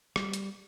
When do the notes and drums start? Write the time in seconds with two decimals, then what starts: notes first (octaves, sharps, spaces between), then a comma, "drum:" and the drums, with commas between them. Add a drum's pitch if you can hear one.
0.16 G3, drum: rim click
0.33 drum: hi-hat